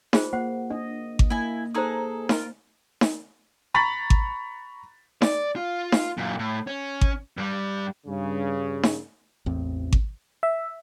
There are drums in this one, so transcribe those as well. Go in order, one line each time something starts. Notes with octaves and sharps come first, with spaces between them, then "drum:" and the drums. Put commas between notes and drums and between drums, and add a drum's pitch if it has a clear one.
F4 G#4 C5, drum: snare D#4
A#3 C5 F#5
D4 D#5
drum: kick G#1
A#3 E4 G#5
D#4 G#4 A4 C5 A#5 D#6
F4 A#4, drum: snare D#4
drum: snare D#4
A#5 B5 C#6 A6 B6 F#7
drum: kick G#1
D5, drum: snare D#4
F4
drum: snare D#4
F#2 A#2
A2
C#4
drum: kick G#1
G2 G3
G2 C#3
drum: snare D#4
A1 E2 C4
drum: kick G#1
E5